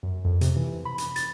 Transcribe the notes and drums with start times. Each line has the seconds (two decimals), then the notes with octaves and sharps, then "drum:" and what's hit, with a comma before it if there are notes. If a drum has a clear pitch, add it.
0.03 F#2
0.25 F2
0.41 C3, drum: hi-hat
0.56 E3
0.85 B5
0.98 drum: hi-hat
1.16 A6, drum: hi-hat